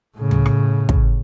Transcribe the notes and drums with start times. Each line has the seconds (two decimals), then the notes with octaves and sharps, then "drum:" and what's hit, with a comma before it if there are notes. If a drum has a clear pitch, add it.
0.17 A2 C#3
0.31 drum: tom
0.46 drum: rim click
0.89 drum: kick